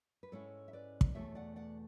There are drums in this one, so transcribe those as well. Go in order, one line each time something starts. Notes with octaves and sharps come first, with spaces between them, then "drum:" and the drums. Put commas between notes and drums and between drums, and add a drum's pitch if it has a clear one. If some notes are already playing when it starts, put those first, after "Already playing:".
B4
G#2 G#3 C#4 E4 A4 C#5
E5
B4 D5
drum: kick
E2 B2 A3 E4 C#5 E5
D5 F#5
D5 F#5